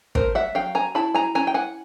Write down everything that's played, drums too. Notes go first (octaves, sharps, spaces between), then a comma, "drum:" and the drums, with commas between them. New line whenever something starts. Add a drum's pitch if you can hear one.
A3 A#4 C5, drum: kick
E5 F#5
F#3 F5 G5
G#5 A#5
E4 A5 B5
G#5 A#5
C#4 G#5 A#5
G5
F#5 G#5